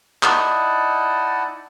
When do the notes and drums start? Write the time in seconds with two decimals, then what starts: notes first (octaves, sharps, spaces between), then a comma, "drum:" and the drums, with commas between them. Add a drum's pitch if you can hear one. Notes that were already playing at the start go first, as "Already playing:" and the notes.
0.23 D#4 E4 D5 D#5 F#5 A5, drum: clap